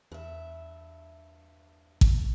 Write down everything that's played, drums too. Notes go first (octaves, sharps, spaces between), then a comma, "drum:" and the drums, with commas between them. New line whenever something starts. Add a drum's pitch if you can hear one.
E2 G2 E5
drum: kick A1